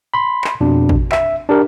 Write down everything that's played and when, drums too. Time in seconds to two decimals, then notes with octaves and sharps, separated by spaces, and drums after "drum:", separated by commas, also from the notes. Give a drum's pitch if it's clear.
0.14 B5 C6
0.44 drum: clap
0.61 F2 B2 D4
0.89 drum: kick
1.12 E5, drum: clap
1.49 D4 G4 A#4